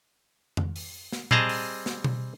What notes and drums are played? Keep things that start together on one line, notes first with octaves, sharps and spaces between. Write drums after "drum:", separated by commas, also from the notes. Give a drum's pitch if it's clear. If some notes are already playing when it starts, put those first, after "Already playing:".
drum: tom F2
drum: open hi-hat
drum: snare
G3 C4 G#4 D#5 A5 A#5, drum: tom A#2
drum: open hi-hat
drum: snare
drum: tom B2